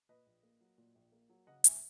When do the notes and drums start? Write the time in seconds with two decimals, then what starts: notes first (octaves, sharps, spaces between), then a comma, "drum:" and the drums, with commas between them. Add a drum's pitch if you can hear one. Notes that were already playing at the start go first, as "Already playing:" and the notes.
0.09 A#2 B4 D#5
0.26 A#1
0.43 A#3
0.61 F#3
0.78 A#2
0.95 A#1
1.12 A#3
1.29 F#3
1.47 C#3 D#5 F#5
1.64 D#2 E5 G#5, drum: hi-hat